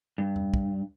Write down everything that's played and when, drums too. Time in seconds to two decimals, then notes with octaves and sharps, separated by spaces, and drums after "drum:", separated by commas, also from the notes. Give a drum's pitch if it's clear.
0.18 G2
0.36 drum: tom E2
0.54 drum: kick